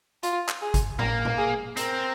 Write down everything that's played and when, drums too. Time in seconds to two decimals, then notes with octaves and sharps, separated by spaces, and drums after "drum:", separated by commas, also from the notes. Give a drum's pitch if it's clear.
0.23 F4, drum: hi-hat
0.48 drum: clap
0.62 G#4
0.74 drum: kick G#1, hi-hat
0.99 A#3 A#4, drum: tom A2
1.25 drum: tom A#2
1.38 G#4
1.77 C4 A#4, drum: hi-hat